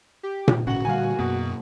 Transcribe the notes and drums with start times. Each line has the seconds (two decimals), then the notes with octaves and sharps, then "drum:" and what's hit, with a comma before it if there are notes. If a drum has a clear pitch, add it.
0.23 G4
0.48 drum: tom A#2
0.67 G#1 C#3 C#4 F#4 F#5 F#7
0.85 A#2 D3 G3 F5 G#5
1.19 F#2 B2 A#3